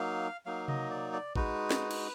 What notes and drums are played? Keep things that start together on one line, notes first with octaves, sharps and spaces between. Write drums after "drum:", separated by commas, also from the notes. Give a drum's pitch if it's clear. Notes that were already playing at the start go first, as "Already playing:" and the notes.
Already playing: F#3 A#3 D#4 F5
F#3 A#3 D#4 F5
D#5, drum: tom C3
D5
D5
G#3 D#4 F#4 B4, drum: kick
drum: snare
drum: cymbal